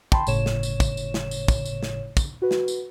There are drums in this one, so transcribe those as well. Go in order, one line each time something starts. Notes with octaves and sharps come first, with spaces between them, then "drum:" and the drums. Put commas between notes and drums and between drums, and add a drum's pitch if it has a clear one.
G5 A5 B5 C6, drum: kick
G1 A2 C#3 C#5 E7, drum: tambourine
drum: snare
drum: tambourine
drum: kick, tambourine
drum: tambourine
drum: snare
drum: tambourine
drum: kick, tambourine
drum: tambourine
drum: snare
drum: kick, tambourine
F#4 B4
drum: snare
drum: tambourine